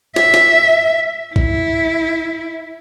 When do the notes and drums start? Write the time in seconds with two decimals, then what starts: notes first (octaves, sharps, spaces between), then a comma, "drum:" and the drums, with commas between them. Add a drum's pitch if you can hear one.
0.16 E5, drum: snare
0.34 drum: snare
1.36 E4, drum: kick